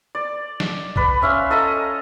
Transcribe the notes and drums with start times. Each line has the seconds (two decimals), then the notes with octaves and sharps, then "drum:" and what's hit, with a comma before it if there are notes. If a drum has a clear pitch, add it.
0.15 D5
0.60 drum: snare
0.96 B4 D5, drum: kick
1.22 C#4 E5 F5 C6
1.50 A4 D#5 G#5 A#5